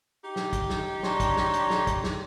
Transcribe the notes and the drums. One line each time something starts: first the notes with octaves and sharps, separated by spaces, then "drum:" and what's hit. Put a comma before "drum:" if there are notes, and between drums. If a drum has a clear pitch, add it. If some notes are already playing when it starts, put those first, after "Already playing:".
D#4 G4
drum: snare
drum: kick, hi-hat
drum: snare
D4 C#5 A#5 C6, drum: snare
drum: kick, hi-hat
drum: snare
drum: hi-hat
drum: snare
drum: kick, hi-hat
drum: snare